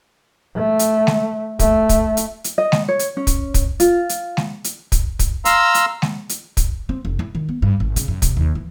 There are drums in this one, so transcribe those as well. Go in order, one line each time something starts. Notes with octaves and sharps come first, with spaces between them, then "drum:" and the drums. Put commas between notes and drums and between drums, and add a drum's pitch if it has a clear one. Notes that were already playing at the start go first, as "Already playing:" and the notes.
A3
drum: hi-hat
drum: snare G#3
A3, drum: kick, hi-hat
drum: kick, hi-hat
drum: hi-hat
drum: hi-hat
D#5
drum: snare G#3
C#5
drum: hi-hat
C#4
drum: kick, hi-hat
drum: kick, hi-hat
F4, drum: hi-hat
drum: hi-hat
drum: snare G#3
drum: hi-hat
drum: kick, hi-hat
drum: kick, hi-hat
F5 A#5 C6 E6, drum: hi-hat
drum: hi-hat
drum: snare G#3
drum: hi-hat
drum: kick, hi-hat
C4
F1
E4
D#3
B3
G2
G#1
C#3, drum: hi-hat
F#2
C3, drum: kick, hi-hat
D#2
E3